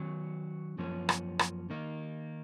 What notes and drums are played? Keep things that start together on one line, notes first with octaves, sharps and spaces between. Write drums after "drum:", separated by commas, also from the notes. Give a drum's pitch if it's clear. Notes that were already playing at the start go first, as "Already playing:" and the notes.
Already playing: D#3 F#3 C#4
F#2 F3 A#3 C#4
drum: rim click
drum: rim click
D#3 A#3 D#4